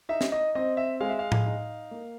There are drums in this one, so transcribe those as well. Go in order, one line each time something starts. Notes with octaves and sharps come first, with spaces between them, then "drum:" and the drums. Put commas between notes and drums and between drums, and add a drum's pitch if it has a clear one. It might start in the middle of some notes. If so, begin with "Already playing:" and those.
D#4 E5
drum: snare
D#5
C4 D#5
E5
G#3 F5
E5
F5
drum: tom A2
D#4
A#3